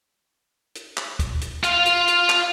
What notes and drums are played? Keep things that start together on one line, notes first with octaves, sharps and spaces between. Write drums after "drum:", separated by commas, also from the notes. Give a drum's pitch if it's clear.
drum: hi-hat
drum: clap
drum: kick, hi-hat
drum: hi-hat
F4 F5, drum: hi-hat
drum: hi-hat
drum: hi-hat
drum: clap